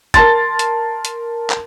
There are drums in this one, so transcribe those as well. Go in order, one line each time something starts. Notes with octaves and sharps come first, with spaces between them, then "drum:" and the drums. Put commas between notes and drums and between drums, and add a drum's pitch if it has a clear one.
A#4 A5 C6 A6, drum: kick, hi-hat
drum: hi-hat
drum: hi-hat
drum: clap